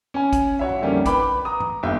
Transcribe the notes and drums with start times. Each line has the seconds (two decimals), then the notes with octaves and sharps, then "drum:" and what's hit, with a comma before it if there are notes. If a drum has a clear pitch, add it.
0.14 C#4 G#5
0.33 drum: kick, hi-hat
0.59 F#4 C#5 E5
0.69 drum: tom G2
0.82 F2 D3 D#3 G3 A#3 C#4
1.06 B4 G5 B5 D6, drum: kick, hi-hat
1.45 A#5 D#6
1.60 drum: tom G2
1.83 G1 D#2 E5 G5